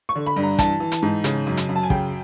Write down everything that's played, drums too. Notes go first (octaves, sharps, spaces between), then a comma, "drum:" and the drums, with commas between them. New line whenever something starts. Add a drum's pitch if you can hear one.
C#6
D3
B5
G2
A#5
E3 A5, drum: kick, hi-hat
E3
drum: hi-hat
G#2
C#3, drum: hi-hat
F#2
drum: hi-hat
F#2
A5
G#5
C#3 G5, drum: kick